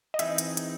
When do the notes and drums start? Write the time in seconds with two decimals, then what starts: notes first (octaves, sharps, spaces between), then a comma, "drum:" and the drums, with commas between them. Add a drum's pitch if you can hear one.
0.14 D#5
0.19 E3 C4 D#4 G#4 E5, drum: hi-hat
0.38 drum: hi-hat
0.57 drum: hi-hat